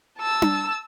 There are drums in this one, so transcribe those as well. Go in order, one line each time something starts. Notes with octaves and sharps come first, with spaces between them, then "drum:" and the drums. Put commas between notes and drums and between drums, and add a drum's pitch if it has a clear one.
A5 E6
drum: tom D4